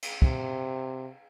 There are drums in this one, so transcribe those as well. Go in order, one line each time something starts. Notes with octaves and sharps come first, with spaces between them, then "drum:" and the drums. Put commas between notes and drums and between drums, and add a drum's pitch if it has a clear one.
drum: cymbal
C3, drum: kick